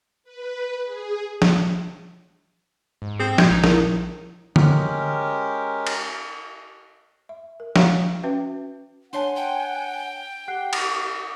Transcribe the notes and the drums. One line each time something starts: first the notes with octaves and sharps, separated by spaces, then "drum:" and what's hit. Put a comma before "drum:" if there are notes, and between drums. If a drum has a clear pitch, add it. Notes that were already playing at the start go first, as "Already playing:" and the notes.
B4
G#4
drum: snare F3
G#2
C4 G#4
A#2 G6 G#6, drum: snare F3
A#1 D#4
E4 A#4, drum: snare F3
G#3 C#4 G4 A#4, drum: tom D3
drum: cymbal
E5
A#4
C#5 F5 F#5 A#5 C#6, drum: snare F3
C#4 F#4 B4 E5 G5
D4 C#5 F#5 G#5 A5 C6
G5
G4 F#5 F#6 C7
drum: cymbal